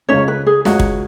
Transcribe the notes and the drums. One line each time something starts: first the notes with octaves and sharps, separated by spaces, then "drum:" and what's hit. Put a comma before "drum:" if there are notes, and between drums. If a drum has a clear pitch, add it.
C#2 C#3 G#3 C#4 D#4 C#5
B4
G#4
C#2 C#3 G#3 D#4 F#4, drum: snare
drum: kick